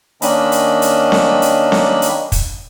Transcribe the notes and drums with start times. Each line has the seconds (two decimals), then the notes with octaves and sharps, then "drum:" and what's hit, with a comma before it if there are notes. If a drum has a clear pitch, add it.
0.22 D#3 A#3 C#4 D4 D#5 B5, drum: hi-hat
0.52 drum: hi-hat
0.82 drum: hi-hat
1.12 drum: snare C4
1.42 drum: hi-hat
1.72 drum: snare C4
2.02 drum: hi-hat
2.32 drum: kick, hi-hat